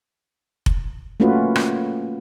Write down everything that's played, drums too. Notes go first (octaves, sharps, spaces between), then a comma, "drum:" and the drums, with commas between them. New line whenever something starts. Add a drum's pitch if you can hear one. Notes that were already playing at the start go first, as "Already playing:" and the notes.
drum: kick F1
A3 A#3 C#4 F4 F#4 B4
drum: rim click